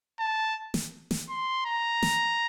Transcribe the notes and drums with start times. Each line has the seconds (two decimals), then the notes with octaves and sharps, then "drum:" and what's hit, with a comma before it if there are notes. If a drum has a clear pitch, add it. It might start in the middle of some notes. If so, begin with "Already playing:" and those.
0.19 A5
0.74 drum: snare
1.11 drum: snare
1.29 C6
1.65 A#5
2.03 drum: snare